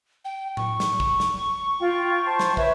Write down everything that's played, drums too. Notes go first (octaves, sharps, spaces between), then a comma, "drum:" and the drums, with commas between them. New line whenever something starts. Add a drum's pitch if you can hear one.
G5
C#6, drum: tom A2
drum: snare
drum: kick
drum: snare
F4 G5
C5 A5
drum: snare
B4 C#5 E5, drum: kick